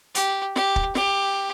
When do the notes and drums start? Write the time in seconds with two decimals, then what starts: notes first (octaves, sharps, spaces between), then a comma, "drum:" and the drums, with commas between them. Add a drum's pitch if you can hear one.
0.15 G4, drum: hi-hat
0.56 G4, drum: snare
0.76 drum: kick
0.95 G4, drum: snare